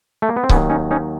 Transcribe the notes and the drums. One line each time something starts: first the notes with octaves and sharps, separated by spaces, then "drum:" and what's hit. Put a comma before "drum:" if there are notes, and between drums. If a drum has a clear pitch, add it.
A3
A#3
B3
C4
D#2 D#3 F#3 B3 C#4, drum: kick C#1
C#4 D#4
C#4 D#4